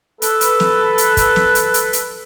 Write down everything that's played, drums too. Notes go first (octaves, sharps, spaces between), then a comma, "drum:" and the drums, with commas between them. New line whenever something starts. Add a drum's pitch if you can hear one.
A4 B4, drum: hi-hat
drum: hi-hat
drum: snare
drum: hi-hat
drum: kick, hi-hat
drum: snare
drum: hi-hat
drum: hi-hat
drum: hi-hat